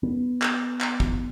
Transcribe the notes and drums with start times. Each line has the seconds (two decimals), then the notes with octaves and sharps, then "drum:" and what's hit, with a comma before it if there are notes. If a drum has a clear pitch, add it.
0.03 B3
0.42 drum: clap
0.81 drum: clap
1.00 drum: kick